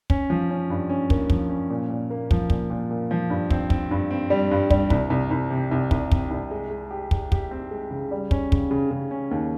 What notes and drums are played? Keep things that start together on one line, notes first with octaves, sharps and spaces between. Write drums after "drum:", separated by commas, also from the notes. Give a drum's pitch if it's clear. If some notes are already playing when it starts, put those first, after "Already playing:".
C#4, drum: kick
F3
C#4
G2
C#4
A#3, drum: kick
F3, drum: kick
C#4
A#2
A#2
A#3
F3, drum: kick
A#2, drum: kick
A#2
A#2
F3
G2
C4, drum: kick
C4, drum: kick
G2
C4
G3
G2
G3, drum: kick
C2, drum: kick
C2
C2
C3
C2
C2, drum: kick
C3, drum: kick
C2
G#3
G#3
G4
G4, drum: kick
G4, drum: kick
C4
G#3
C#3
G3
C#4, drum: kick
C#3, drum: kick
C#3
C#3
C#4
D#2